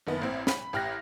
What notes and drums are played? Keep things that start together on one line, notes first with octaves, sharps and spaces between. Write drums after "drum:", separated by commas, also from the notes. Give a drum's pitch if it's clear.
F#1 D#3 B3
A1 C4
B5, drum: snare
A1 G4 F6 F#6 A#6